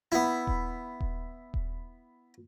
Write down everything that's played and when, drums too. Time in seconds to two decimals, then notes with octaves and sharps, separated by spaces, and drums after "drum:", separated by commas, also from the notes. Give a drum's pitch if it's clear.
0.12 B3 E4
0.47 drum: kick D#1
1.00 drum: kick D#1
1.54 drum: kick D#1